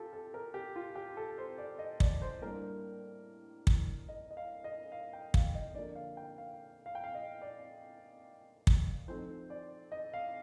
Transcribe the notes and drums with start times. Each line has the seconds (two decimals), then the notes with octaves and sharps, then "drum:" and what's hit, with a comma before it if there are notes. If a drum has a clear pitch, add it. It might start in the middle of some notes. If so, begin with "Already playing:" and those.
Already playing: F4 G4 A4
0.13 A4
0.34 A#4
0.54 G4
0.76 F4
0.96 G4
1.17 A4
1.38 C5
1.58 D5
1.79 D#5
2.00 D5, drum: kick
2.22 C5
2.41 A2 G3 A#3 D4 A#4
3.67 drum: kick
4.09 D#5
4.31 D#5
4.37 F5
4.64 D#5
4.92 F5
5.13 G5
5.34 F5, drum: kick
5.55 D#5
5.75 D3 F3 A#3 D5
5.95 F5
6.17 G5
6.38 F5
6.86 F5
6.95 G5
7.04 F5
7.15 D#5
7.42 D5
8.67 drum: kick
9.08 F3 A3 C4 D#4 C5
9.50 D5
9.92 D#5
10.13 F5